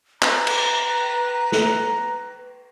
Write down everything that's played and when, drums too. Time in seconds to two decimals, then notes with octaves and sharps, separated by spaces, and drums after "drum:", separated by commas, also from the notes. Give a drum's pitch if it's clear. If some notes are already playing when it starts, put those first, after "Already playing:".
0.22 B4 A#5, drum: clap
0.47 drum: cymbal
1.52 drum: snare